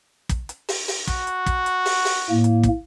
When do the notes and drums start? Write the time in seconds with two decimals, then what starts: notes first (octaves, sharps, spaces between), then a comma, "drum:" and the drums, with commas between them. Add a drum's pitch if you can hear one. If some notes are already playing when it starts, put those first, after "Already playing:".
0.30 drum: kick, hi-hat
0.49 drum: hi-hat
0.69 drum: open hi-hat
0.88 drum: open hi-hat
1.08 F#4, drum: kick, hi-hat
1.27 drum: hi-hat
1.47 drum: kick, hi-hat
1.66 drum: hi-hat
1.86 drum: open hi-hat
2.05 drum: open hi-hat
2.30 A2 A#3
2.44 drum: hi-hat
2.64 drum: kick, hi-hat